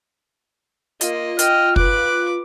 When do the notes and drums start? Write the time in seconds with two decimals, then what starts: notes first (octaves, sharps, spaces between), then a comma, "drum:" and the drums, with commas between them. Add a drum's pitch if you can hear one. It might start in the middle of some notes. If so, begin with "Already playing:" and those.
1.01 A#3 F4 D#5, drum: hi-hat
1.39 D#5 G5 F6, drum: hi-hat
1.76 B4 D6 F#6, drum: kick